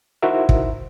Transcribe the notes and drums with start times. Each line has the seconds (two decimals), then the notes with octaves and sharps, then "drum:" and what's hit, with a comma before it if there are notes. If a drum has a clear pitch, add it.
0.22 D#4 E4 F#4 A#4 C5 E5
0.49 drum: kick